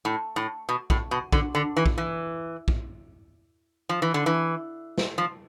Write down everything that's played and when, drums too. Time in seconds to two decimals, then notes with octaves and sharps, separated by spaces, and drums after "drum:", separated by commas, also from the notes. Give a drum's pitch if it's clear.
0.05 A2
0.36 A2
0.69 B2
0.90 A2, drum: kick
1.11 B2
1.32 D3, drum: kick
1.55 D3
1.77 E3
1.86 drum: kick
1.98 E3
2.68 drum: kick
3.89 F3
4.02 E3
4.14 D3
4.26 E3
4.98 drum: snare
5.18 F3